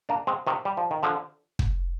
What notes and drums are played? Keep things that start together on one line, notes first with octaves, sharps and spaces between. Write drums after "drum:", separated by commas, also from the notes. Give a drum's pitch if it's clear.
A#3 D4
G#3 C4
C3 D#3
G3
F3
D#3
D3 F3
drum: kick